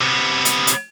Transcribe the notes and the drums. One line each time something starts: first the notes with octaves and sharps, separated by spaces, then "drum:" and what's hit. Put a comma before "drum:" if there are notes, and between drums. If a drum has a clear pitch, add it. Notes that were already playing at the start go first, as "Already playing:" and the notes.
C3 B3
drum: hi-hat
drum: hi-hat